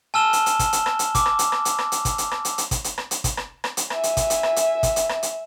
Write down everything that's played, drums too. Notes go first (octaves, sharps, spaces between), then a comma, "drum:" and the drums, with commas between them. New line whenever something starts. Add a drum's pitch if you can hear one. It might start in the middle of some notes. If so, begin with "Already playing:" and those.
G#5 A5 E6 F6 E7 G7
drum: hi-hat
drum: hi-hat
drum: kick, hi-hat
drum: hi-hat
drum: rim click
drum: hi-hat
D6, drum: kick, hi-hat
drum: rim click
drum: hi-hat
drum: rim click
drum: hi-hat
drum: rim click
drum: hi-hat
drum: kick, hi-hat
drum: hi-hat
drum: rim click
drum: hi-hat
drum: hi-hat
drum: kick, hi-hat
drum: hi-hat
drum: rim click
drum: hi-hat
drum: kick, hi-hat
drum: rim click
drum: rim click
drum: hi-hat
E5 G#5, drum: rim click
drum: hi-hat
drum: kick, hi-hat
drum: hi-hat
drum: rim click
drum: hi-hat
drum: kick, hi-hat
drum: hi-hat
drum: rim click
drum: hi-hat